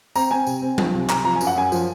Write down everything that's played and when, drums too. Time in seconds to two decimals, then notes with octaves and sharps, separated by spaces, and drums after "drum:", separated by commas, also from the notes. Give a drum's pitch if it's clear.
0.16 C4 A#5, drum: tambourine
0.31 C4 G#5
0.47 C3, drum: tambourine
0.62 C4
0.78 F3, drum: tom F#3
0.94 C3
1.09 C3 A#5, drum: clap
1.25 F3 A#5
1.36 G#5
1.41 F#2, drum: tambourine
1.47 F#5
1.56 F#2 G#5
1.72 F3, drum: tambourine